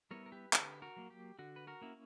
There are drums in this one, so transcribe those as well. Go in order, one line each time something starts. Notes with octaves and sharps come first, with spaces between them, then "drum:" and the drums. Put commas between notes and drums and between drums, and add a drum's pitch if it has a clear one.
G3 B3 E4 A#4 C#5
A#4
G4 B4
D3 G4 B4, drum: clap
F#4 A#4
F#3 A#3
G4
D3 F#4
B4
F#4 A#4
A#3 C#4 E4